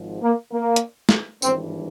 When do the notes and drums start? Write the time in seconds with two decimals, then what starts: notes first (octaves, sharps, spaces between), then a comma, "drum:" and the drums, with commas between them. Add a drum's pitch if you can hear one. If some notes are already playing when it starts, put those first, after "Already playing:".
Already playing: G#1 G#2 F3
0.22 A#3
0.52 A#3
0.76 drum: hi-hat
1.09 drum: snare
1.42 G#1 G2 E3 C4, drum: tambourine